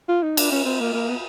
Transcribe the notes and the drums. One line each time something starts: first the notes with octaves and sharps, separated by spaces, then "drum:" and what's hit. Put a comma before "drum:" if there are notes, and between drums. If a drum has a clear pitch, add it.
F4
D#4
D4, drum: cymbal
C#4
C4
A#3
A#3
B3